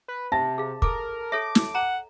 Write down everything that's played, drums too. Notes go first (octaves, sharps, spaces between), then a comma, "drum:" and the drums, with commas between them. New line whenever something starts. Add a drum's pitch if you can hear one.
B4
C3 E5 A5
G#4 F5
A4 A#4 D6, drum: kick
A4 C#5 E5 D6
drum: snare
F#5 A#5